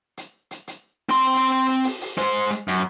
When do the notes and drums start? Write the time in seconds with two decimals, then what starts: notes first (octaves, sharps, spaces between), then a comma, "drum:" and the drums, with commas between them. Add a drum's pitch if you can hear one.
0.17 drum: hi-hat
0.51 drum: hi-hat
0.67 drum: hi-hat
1.09 C4 C6
1.34 drum: hi-hat
1.68 drum: hi-hat
1.84 drum: open hi-hat
2.01 drum: open hi-hat
2.18 G#3 C5, drum: hi-hat
2.51 drum: hi-hat
2.68 F#2, drum: hi-hat